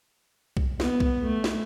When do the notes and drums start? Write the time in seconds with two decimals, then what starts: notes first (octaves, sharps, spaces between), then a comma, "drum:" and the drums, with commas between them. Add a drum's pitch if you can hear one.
0.57 drum: kick B1
0.80 B3, drum: snare
1.00 drum: kick B1
1.22 A3
1.44 drum: snare